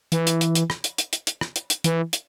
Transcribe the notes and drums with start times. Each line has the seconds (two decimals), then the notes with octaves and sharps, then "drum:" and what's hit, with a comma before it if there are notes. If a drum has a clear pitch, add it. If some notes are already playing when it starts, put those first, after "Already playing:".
0.12 E3, drum: hi-hat
0.27 drum: hi-hat
0.41 drum: hi-hat
0.55 drum: hi-hat
0.70 drum: rim click
0.84 drum: hi-hat
0.98 drum: hi-hat
1.13 drum: hi-hat
1.27 drum: hi-hat
1.41 drum: rim click
1.56 drum: hi-hat
1.70 drum: hi-hat
1.84 E3, drum: hi-hat
2.13 drum: hi-hat